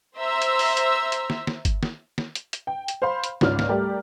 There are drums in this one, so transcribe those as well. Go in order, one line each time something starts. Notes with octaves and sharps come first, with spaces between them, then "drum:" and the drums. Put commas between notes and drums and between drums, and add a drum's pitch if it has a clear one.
C5 E5 A#5 C6 E6
drum: hi-hat
drum: open hi-hat
drum: hi-hat
drum: hi-hat
drum: snare
drum: snare
drum: kick G1, hi-hat
drum: snare
drum: snare
drum: hi-hat
drum: hi-hat
G5
drum: hi-hat
C5 F5 B5 C6
drum: hi-hat
C#2 G#2 C#4 F4 D5 F6, drum: snare
drum: snare
G3 A3 G4 A#4 D5